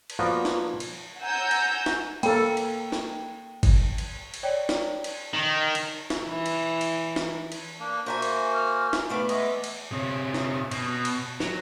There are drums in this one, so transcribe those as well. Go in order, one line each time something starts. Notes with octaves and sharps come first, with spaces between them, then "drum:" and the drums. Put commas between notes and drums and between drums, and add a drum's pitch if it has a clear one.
drum: cymbal
F3 A#3 B3 F#4 D5
drum: snare
drum: cymbal
F#5 G#5 A#5 E6 G6
drum: cymbal
drum: snare
A#3 A4 G5, drum: cymbal
drum: cymbal
drum: snare
drum: kick G1, cymbal
drum: cymbal
drum: cymbal
C#5 D5 G5
drum: snare
drum: cymbal
D#3
drum: cymbal
drum: snare
E3
drum: cymbal
drum: cymbal
drum: snare
drum: cymbal
A#3 D4
A#3 F#4 A#4 C5 E5 G#5
drum: cymbal
F6
drum: snare
E2 A3 B3 F5 C#6 D6
G#3 D#5 E5 D6, drum: cymbal
drum: cymbal
C3 C#4
drum: snare
B2, drum: cymbal
drum: cymbal
F#3, drum: snare